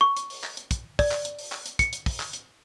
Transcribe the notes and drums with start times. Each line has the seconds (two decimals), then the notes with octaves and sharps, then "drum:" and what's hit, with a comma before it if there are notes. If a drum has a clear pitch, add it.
0.01 C#6
0.17 drum: hi-hat
0.30 drum: open hi-hat
0.44 drum: clap
0.57 drum: hi-hat
0.71 drum: kick, hi-hat
0.99 D5, drum: kick, open hi-hat
1.11 drum: clap
1.25 drum: hi-hat
1.39 drum: open hi-hat
1.52 drum: clap
1.66 drum: hi-hat
1.79 C#7, drum: kick, hi-hat
1.93 drum: hi-hat
2.06 drum: kick, open hi-hat
2.20 drum: clap
2.33 drum: hi-hat